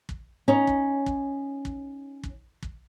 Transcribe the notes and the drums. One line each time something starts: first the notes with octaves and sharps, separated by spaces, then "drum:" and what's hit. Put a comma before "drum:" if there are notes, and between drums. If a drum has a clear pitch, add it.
drum: kick
C#4 D#4
drum: kick
drum: kick
drum: kick
drum: kick
drum: kick